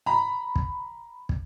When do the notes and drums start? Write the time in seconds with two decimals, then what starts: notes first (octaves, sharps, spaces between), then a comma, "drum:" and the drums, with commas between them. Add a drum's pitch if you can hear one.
0.06 A#5 B5
0.56 drum: kick
1.29 drum: kick